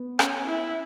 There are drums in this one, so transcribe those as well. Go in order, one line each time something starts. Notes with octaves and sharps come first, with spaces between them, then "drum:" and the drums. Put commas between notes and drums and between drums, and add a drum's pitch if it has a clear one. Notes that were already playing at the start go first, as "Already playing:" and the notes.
Already playing: B3
C#4, drum: rim click
E4